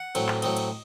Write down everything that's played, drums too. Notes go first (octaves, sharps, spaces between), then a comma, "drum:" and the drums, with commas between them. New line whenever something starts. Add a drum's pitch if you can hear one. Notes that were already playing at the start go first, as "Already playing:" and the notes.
Already playing: F#5
A2 F#3 C4, drum: cymbal
drum: clap
A2 F#3 C4 D#5, drum: cymbal
drum: cymbal